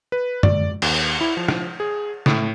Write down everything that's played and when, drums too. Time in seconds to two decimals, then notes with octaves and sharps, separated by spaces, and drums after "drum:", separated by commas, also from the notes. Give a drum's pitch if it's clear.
0.12 B4
0.43 D5, drum: tom
0.82 D#2, drum: cymbal
1.21 E4
1.37 F3
1.48 drum: rim click
1.80 G#4
2.26 A2, drum: snare